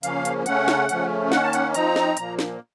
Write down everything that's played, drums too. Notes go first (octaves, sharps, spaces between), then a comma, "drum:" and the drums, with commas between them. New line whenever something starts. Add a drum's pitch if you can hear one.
C#3 F3 A#3 C#4 F5, drum: hi-hat
drum: hi-hat
C#3 A3 C#4 F#5, drum: hi-hat
drum: snare
C#3 F3 A3 C#4, drum: hi-hat
D#3 A#3 C#4 F#5, drum: snare
A5
F#5, drum: hi-hat
F3 C4 D#4 A#5, drum: hi-hat
drum: snare
A#2 F3 A#3, drum: hi-hat
drum: snare